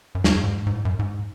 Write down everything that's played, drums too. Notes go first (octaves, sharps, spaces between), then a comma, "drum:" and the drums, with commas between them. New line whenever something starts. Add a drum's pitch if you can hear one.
F#2
E2, drum: snare
F#2
G#2
G#2
A2
F#2
G#2